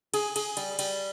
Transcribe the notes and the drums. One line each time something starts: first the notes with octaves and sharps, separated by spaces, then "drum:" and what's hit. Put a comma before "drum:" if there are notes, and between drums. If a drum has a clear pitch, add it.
G#4, drum: cymbal
G#4, drum: cymbal
G3, drum: cymbal
G3, drum: cymbal